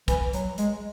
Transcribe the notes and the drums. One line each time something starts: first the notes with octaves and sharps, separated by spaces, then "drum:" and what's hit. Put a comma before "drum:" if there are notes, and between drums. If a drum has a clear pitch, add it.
E3, drum: kick, hi-hat
F#3, drum: hi-hat
G#3, drum: hi-hat